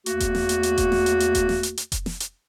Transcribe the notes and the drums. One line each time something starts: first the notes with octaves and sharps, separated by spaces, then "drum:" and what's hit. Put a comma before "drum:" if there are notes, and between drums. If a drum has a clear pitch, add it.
E2 A3 A#3 F#4, drum: hi-hat
drum: kick F1, hi-hat
drum: snare
drum: hi-hat
drum: hi-hat
drum: kick F1, hi-hat
drum: snare
drum: hi-hat
drum: hi-hat
drum: kick F1, hi-hat
drum: snare
drum: hi-hat
drum: hi-hat
drum: kick F1, hi-hat
drum: snare
drum: hi-hat